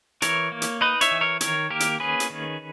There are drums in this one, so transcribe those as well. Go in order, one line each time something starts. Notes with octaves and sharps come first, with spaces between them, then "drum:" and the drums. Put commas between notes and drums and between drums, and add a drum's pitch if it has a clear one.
E3 A#4 C#5, drum: hi-hat
A#3
drum: hi-hat
D#4 B4 D#5
C#5 E5, drum: hi-hat
E3
A#4 C#5
D#3 A#4 C#5, drum: hi-hat
A#3 G4 A#4
drum: hi-hat
C#4 G#4 B4
drum: hi-hat
D#3